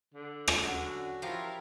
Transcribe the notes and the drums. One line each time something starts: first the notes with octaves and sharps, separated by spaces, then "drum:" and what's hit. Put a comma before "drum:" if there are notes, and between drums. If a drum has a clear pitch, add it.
D3
drum: rim click
F#3 C#4 F#4
F3 E4 F4 G4 A#4 F5